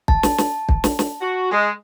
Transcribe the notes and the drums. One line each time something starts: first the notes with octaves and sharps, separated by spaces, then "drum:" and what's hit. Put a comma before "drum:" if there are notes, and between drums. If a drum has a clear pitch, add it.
A5, drum: kick
drum: snare
drum: snare
drum: kick
drum: snare
drum: snare
F#4
G#3